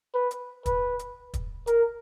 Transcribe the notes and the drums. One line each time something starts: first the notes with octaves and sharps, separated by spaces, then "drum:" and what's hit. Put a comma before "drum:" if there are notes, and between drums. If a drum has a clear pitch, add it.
B4
drum: hi-hat
B4, drum: kick, hi-hat
drum: hi-hat
drum: kick, hi-hat
A#4, drum: hi-hat